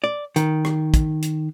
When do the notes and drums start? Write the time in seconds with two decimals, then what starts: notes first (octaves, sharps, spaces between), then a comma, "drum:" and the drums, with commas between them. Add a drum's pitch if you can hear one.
0.04 D5
0.36 D#3, drum: hi-hat
0.65 drum: rim click
0.94 drum: kick, hi-hat
1.22 drum: hi-hat